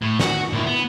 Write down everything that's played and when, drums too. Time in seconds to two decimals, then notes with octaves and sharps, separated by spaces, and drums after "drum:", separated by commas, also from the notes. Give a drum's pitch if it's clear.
0.02 A2
0.20 F#4, drum: snare
0.53 A#2 E4
0.66 B3